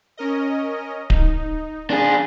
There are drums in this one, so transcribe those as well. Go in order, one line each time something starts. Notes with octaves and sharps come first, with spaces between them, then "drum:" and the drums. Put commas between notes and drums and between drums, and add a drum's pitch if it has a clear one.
C#4 A#4 D#5
D#4, drum: kick D1
D4 G#4